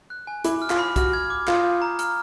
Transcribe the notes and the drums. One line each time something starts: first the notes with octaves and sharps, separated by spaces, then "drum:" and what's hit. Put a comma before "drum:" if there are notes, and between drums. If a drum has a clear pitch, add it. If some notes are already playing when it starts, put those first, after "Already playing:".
F#6
G#5
E4 D6, drum: hi-hat
F6
F4, drum: clap
B5
F#4 F6, drum: kick, hi-hat
G#6
D6
F4 D#6, drum: clap
G6
A#5
F6, drum: hi-hat